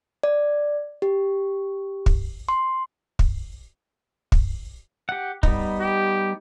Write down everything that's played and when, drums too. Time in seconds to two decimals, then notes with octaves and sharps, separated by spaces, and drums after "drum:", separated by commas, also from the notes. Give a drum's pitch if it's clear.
0.23 D5
1.02 G4
2.06 drum: kick
2.49 C6
3.19 drum: kick
4.32 drum: kick
5.09 G4 F#5
5.43 G3 B3 D#4, drum: kick
5.80 G4